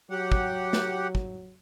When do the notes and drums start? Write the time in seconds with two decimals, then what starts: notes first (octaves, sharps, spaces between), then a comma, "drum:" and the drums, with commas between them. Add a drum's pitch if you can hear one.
0.11 F#3 G4 F#5
0.32 drum: kick
0.73 drum: snare
1.15 drum: kick